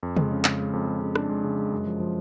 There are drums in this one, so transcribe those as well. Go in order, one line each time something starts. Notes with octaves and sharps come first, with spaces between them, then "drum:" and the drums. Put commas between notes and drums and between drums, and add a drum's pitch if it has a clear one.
F2
G#3, drum: tom C3
C#3
C#3, drum: clap
G#3
F2
G#3
C#3
D4, drum: rim click
G#3
C#3
G#3
F#2
F3
F3